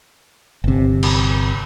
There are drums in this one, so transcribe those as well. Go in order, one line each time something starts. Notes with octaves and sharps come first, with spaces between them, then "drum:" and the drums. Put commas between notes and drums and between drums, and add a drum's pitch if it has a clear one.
G1 C3
drum: cymbal